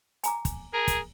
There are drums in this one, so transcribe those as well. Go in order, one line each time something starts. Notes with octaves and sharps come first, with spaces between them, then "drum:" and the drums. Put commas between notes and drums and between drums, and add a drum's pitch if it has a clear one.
G#5 A#5 D6, drum: hi-hat
drum: kick, hi-hat
G#4 A#4
drum: kick, hi-hat